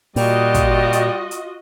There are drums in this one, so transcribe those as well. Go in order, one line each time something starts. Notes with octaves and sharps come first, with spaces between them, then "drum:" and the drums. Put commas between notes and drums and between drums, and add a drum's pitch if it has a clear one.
A#2 G3 F4 F#4 D#5, drum: open hi-hat
drum: kick, hi-hat
drum: hi-hat
drum: hi-hat